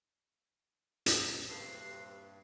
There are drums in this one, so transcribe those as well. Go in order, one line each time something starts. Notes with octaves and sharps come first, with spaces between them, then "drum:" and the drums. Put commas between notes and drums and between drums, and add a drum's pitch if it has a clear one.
drum: hi-hat
D#1 G2 C3 F#4 A4 B4 C7